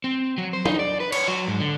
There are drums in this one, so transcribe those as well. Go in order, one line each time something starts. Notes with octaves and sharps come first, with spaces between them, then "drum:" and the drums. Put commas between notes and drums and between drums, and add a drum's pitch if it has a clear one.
C4
F#3
C5
D#4, drum: tom
D5
B4
C#5, drum: cymbal
F#3
G#2
D3